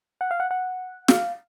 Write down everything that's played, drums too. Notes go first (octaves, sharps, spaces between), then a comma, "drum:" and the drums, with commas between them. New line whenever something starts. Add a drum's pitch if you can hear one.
F#5
F5
F#5
F#5
F5, drum: snare